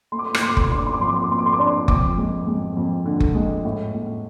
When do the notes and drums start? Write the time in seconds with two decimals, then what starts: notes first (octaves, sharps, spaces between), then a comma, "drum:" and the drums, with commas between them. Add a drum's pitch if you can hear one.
0.12 A3 C6
0.19 D6
0.27 C6
0.35 D6, drum: rim click
0.41 A3 C6
0.49 D6
0.57 C6, drum: kick F#1
0.64 D6
0.71 D4 C6
0.79 D6
0.87 C6
0.94 D6
1.00 F2 C6
1.09 D6
1.16 C6
1.24 D6
1.30 A3 C6
1.39 D6
1.46 C6
1.54 D6
1.59 D4 C6
1.88 F2 D6, drum: kick F#1
2.18 G#3
2.47 G#3
2.77 F2
3.06 D3
3.20 drum: kick F#1
3.35 G#3
3.65 A2
3.94 A2